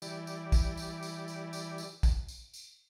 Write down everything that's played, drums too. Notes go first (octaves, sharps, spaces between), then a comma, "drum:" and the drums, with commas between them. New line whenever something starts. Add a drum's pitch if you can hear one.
E3 G3 D5, drum: tambourine
drum: tambourine
drum: kick, tambourine
drum: tambourine
drum: tambourine
drum: tambourine
drum: tambourine
drum: tambourine
drum: kick, tambourine
drum: tambourine
drum: tambourine